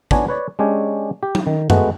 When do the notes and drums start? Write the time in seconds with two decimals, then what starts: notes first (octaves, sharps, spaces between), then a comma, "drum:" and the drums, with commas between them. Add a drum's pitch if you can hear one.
0.11 B3 D4 C#5 G#5, drum: kick
0.28 B4 C#5 D5
0.59 G#3 C#4 D4 G4 C#5
1.23 G4
1.35 drum: tom
1.47 D#3
1.70 G#3 A3 B3 F#4 B4, drum: tom F#2